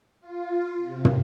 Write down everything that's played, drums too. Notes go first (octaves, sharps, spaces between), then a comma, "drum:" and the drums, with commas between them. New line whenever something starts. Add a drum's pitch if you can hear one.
F4
C3
drum: tom